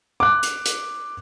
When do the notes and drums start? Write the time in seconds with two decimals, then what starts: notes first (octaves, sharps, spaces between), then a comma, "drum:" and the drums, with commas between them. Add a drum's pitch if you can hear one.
0.20 D6 F#6
0.43 drum: hi-hat
0.66 drum: hi-hat